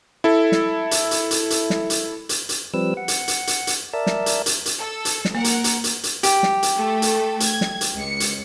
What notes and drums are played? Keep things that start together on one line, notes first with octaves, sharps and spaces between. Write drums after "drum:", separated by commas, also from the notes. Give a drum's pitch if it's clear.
E4 A4
drum: snare
drum: hi-hat
drum: hi-hat
drum: hi-hat
drum: hi-hat
drum: snare
drum: hi-hat
drum: hi-hat
drum: hi-hat
F3 G3 C4 B4 E6
F#5
drum: hi-hat
drum: hi-hat
drum: hi-hat
drum: hi-hat
A#4 D5 E5 A5
drum: snare
drum: hi-hat
drum: hi-hat
drum: hi-hat
A4 E6
drum: hi-hat
drum: snare
A#3 A#4 F#5
drum: hi-hat
drum: hi-hat
drum: hi-hat
drum: hi-hat
G4, drum: hi-hat
drum: snare
drum: hi-hat
A3 A4
drum: hi-hat
G#6, drum: hi-hat
drum: snare
drum: hi-hat
C#2 C#7
drum: hi-hat